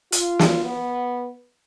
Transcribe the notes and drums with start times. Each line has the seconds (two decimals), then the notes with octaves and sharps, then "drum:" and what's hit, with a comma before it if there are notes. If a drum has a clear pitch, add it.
0.12 F4, drum: hi-hat
0.39 drum: snare
0.64 B3